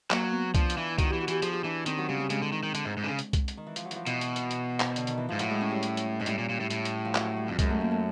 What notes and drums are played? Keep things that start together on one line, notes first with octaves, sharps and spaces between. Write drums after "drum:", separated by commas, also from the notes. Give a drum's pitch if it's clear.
F#3 A#3, drum: clap
B3
F3 D4, drum: kick C2, hi-hat
F4, drum: hi-hat
E3 E4
D#3 F#4, drum: kick C2, hi-hat
E3 G4
F#4
E3 G4, drum: hi-hat
F3 G#4, drum: hi-hat
G4
E3 D4
D#3 C4, drum: hi-hat
F#3
C#3 G3
G3
C#3 G#3, drum: hi-hat
D3
D#3
D#3
D3, drum: hi-hat
G#2
G#2
D3
C#3
drum: hi-hat
drum: kick C2, hi-hat
drum: hi-hat
D#3
E3
F3, drum: hi-hat
F#3
E3 F3, drum: hi-hat
B2 E3, drum: hi-hat
drum: hi-hat
drum: hi-hat
drum: hi-hat
drum: clap
D3, drum: hi-hat
D#3, drum: hi-hat
E3
G#2 F3
A2 F#3, drum: hi-hat
G#3
C#4
G3
drum: hi-hat
drum: hi-hat
G#2 G#3
A2 G3, drum: hi-hat
A#2
A#2
A2
A2, drum: hi-hat
drum: hi-hat
F3
F#3, drum: clap
G3
F2
F#2 G#3, drum: kick C2, hi-hat
A3
A#3
A3